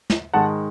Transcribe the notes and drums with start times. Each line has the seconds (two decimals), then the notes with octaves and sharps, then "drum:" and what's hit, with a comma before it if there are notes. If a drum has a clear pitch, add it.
0.10 drum: snare
0.34 G#2 D#3 G#3 F#5 A5